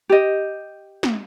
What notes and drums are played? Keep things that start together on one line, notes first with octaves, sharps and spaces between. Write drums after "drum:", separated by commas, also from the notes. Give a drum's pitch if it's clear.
G4 D#5
drum: snare